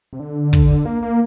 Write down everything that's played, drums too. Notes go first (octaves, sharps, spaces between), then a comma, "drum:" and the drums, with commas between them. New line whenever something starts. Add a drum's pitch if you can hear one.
C3
D3
drum: kick
A#3
A#3